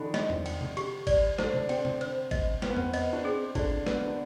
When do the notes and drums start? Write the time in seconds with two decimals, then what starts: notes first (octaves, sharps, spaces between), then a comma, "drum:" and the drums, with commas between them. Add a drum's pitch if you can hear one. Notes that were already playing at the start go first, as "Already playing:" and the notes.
Already playing: D3 D#3 F3 D4 D#4 B5
0.14 C4 D#5, drum: snare
0.30 drum: tom E2
0.46 G5, drum: cymbal
0.61 drum: tom C3
0.77 G4, drum: cymbal
1.07 D5, drum: kick G#1, cymbal
1.38 D3 D4 C5, drum: snare
1.54 drum: tom C3
1.69 C4 G5, drum: cymbal
1.85 drum: tom C3
2.01 C5, drum: cymbal
2.31 D#5, drum: kick G#1, cymbal
2.62 C4 B4, drum: snare
2.70 B3
2.77 C4, drum: tom E2
2.94 D#5, drum: cymbal
3.13 D4
3.24 C4 G#4
3.55 D3 D4 D5, drum: kick G#1, cymbal
3.86 B3 B4, drum: snare
4.07 D4